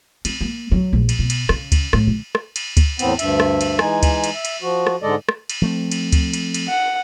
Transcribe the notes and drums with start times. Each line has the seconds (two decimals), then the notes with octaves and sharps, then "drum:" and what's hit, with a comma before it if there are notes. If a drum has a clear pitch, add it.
0.25 C4, drum: cymbal
0.41 A#3
0.72 F#3
0.93 A#1
1.09 drum: cymbal
1.19 B2
1.30 drum: cymbal
1.49 C#3, drum: rim click
1.72 drum: kick D2, cymbal
1.93 A2, drum: rim click
2.07 D3
2.35 drum: rim click
2.56 drum: cymbal
2.77 drum: kick D2, cymbal
2.99 E2 A2 B3 C4, drum: cymbal
3.19 D2 G2 E5, drum: cymbal
3.40 drum: rim click
3.61 drum: cymbal
3.79 E3 G#3 D#4 G#5, drum: rim click
4.03 drum: kick D2, cymbal
4.24 drum: cymbal
4.34 E5
4.45 drum: cymbal
4.62 F3 F#4
4.87 drum: rim click
5.02 G#2 D3 G#3 A4 D5 D#5
5.29 drum: rim click
5.50 drum: cymbal
5.62 F3 A3 C4
5.91 drum: cymbal
6.12 drum: kick D2, cymbal
6.33 drum: cymbal
6.54 drum: cymbal
6.69 F#5